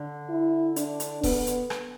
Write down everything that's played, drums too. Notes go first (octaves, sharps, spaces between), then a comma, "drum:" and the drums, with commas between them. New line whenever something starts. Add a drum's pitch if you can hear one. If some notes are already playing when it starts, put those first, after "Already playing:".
Already playing: D3
E4
D4, drum: hi-hat
drum: hi-hat
B3, drum: kick D#1, open hi-hat
drum: hi-hat
drum: rim click